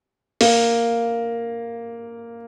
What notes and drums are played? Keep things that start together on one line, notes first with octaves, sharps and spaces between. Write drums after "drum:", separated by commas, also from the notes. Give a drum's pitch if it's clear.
A#3, drum: open hi-hat